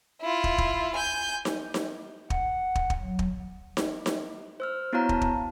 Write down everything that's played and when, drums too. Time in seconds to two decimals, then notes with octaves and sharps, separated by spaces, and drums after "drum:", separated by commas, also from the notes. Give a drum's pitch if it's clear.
0.22 E4 F4
0.44 drum: kick
0.58 drum: kick
0.96 G#5 G6
1.45 drum: snare D#4
1.74 drum: snare D#4
2.30 F#5, drum: kick
2.75 drum: kick
2.90 drum: kick
3.01 F#3
3.19 drum: kick
3.77 drum: snare D#4
4.06 drum: snare D#4
4.60 C5 E6 F6
4.93 B3 E4 F#4 C#5 F5 A#5
5.09 A5, drum: kick
5.22 drum: kick